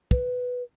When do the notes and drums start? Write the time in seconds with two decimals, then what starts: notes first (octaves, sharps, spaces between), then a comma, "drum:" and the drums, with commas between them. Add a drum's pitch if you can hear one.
0.11 B4, drum: kick